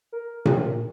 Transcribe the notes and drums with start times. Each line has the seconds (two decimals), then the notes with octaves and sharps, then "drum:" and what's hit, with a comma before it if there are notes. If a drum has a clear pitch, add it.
0.12 A#4
0.45 drum: tom A#2